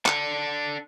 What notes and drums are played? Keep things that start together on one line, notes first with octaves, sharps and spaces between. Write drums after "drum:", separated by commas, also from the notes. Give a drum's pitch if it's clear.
D4 A4, drum: clap